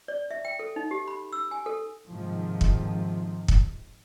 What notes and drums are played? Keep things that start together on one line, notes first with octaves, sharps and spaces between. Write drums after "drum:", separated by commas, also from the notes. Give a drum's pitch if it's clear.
D5
E5
G5
A4
D#4
G4
B5
E6
G#5
A4
G#2 C3 D#3 F3
drum: kick
drum: kick